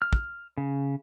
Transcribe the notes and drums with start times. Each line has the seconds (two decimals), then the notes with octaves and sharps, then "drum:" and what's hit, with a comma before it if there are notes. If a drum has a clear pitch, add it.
0.02 F6
0.13 drum: kick
0.58 C#3